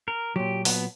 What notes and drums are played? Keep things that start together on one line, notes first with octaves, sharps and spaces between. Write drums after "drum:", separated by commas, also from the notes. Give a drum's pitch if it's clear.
A#4
A#2 F#3 G4
B3, drum: open hi-hat